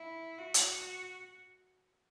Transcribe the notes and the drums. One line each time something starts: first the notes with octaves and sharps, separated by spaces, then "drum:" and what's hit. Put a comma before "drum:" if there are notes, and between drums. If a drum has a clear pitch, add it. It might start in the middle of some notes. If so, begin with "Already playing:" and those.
Already playing: E4
F#4
drum: hi-hat